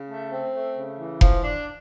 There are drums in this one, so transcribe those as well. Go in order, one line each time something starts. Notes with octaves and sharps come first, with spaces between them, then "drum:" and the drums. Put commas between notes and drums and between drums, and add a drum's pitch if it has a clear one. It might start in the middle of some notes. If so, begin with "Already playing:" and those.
Already playing: C#3
A3
C4
A3
C#3
E3
F3, drum: kick F1
D4